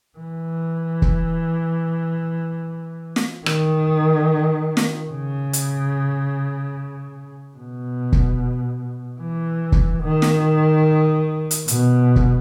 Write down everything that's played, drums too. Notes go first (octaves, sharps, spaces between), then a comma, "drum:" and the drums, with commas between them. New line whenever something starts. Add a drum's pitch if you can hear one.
E3
drum: kick
drum: snare
D#3, drum: rim click
drum: snare
C#3
drum: hi-hat
B2
drum: kick
E3
drum: kick
D#3
drum: snare
drum: hi-hat
B2, drum: hi-hat
drum: kick